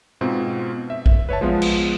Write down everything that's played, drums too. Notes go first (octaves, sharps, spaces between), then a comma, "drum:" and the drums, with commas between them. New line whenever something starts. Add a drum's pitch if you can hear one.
G#2 B2 C4 F4
E5
drum: kick A#1
B4 C#5 E5 A5
F3 G#3 B3 F4
drum: cymbal